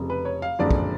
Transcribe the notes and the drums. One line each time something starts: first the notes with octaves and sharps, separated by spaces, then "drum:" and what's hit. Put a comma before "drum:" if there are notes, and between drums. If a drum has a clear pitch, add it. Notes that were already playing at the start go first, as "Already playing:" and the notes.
Already playing: F1 F2 C#3
B4
C#5
F5
F#1 F2 D3 G#3 D5
drum: kick